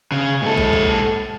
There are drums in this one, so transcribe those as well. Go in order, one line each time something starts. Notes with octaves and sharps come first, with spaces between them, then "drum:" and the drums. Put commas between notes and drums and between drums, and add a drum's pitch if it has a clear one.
C#3
G#2 A4
drum: kick
drum: kick